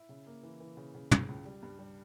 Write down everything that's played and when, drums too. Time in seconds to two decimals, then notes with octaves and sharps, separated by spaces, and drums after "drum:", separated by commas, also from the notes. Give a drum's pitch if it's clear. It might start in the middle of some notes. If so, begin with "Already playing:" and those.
Already playing: E4
0.09 C#3
0.27 A#3
0.43 E3
0.60 E3
0.77 C#3
0.95 C#3
1.11 C#3, drum: tom
1.28 C#2
1.45 G3
1.63 G2
1.79 G3